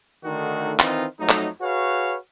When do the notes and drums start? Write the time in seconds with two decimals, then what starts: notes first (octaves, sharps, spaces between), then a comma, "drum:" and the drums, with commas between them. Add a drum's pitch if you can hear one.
0.25 D3 D#3 A3 D#4 F#4
0.79 D#3 E3 C4 D#4 F4, drum: clap
1.20 F2 F#3 A3 D#4
1.29 drum: clap
1.61 F#4 G#4 B4 C#5 F5